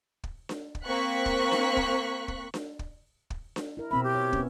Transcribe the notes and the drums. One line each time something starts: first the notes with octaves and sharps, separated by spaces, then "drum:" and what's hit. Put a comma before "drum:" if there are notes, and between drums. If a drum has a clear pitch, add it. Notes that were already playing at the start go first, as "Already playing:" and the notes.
drum: kick
drum: snare D4
drum: kick
A#3 C4 C#6 F#6 B6
drum: kick
drum: snare D4
drum: kick
drum: kick
drum: snare D4
drum: kick
drum: kick
drum: snare D4
E4 A#4
B2 C4 E5 B5
G4
C#5
B3 C#4, drum: kick